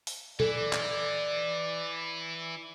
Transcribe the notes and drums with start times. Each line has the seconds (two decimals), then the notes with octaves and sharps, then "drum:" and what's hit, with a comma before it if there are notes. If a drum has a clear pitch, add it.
0.07 drum: open hi-hat
0.40 E3 A4 D5, drum: tom A#2
0.73 drum: clap